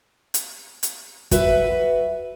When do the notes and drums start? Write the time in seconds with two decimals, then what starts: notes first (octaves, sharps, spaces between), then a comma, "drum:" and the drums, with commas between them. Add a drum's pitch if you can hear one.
0.34 drum: hi-hat
0.83 drum: hi-hat
1.31 F#4 B4 E5, drum: kick, hi-hat